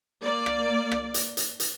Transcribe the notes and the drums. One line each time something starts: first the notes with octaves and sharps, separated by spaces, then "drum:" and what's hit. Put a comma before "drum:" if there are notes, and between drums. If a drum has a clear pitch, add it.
A#3 D5
drum: rim click
drum: rim click
drum: hi-hat
drum: hi-hat
drum: hi-hat